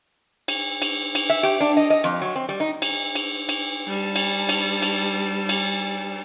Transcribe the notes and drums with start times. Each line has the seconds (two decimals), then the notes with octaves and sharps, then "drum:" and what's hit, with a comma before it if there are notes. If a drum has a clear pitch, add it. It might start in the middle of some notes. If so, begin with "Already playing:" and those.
0.48 drum: cymbal
0.82 drum: cymbal
1.15 drum: cymbal
1.30 E5
1.43 G4
1.60 D4
1.77 D#5
1.90 D#5
2.04 F2
2.21 F#3
2.35 C4
2.49 G3
2.60 D#4
2.82 drum: cymbal
3.15 drum: cymbal
3.49 drum: cymbal
3.88 G3 A5
4.16 drum: cymbal
4.49 drum: cymbal
4.82 drum: cymbal
5.49 drum: cymbal